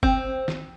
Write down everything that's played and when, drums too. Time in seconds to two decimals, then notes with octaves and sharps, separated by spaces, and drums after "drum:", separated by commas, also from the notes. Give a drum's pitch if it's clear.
0.03 C4, drum: kick G1
0.48 drum: snare